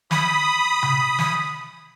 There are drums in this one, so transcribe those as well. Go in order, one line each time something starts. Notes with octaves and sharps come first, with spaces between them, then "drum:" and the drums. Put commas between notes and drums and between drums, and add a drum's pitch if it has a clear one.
B5 D#6, drum: snare
drum: tom C3
drum: snare